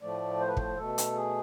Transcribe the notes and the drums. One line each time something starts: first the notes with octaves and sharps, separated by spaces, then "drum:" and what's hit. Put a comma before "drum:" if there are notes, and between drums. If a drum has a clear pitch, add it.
A2 F3 A3 D5
C5
B4
C5, drum: kick
B2 A3 A4
drum: hi-hat
G#4